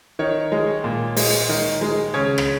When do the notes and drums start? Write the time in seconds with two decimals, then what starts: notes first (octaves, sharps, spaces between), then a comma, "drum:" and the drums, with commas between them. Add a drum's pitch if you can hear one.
0.19 D#3 C#5
0.52 G#3
0.84 A#2
1.17 G#3, drum: open hi-hat
1.49 D#3
1.81 G#3
2.14 C#3 C#5
2.38 drum: rim click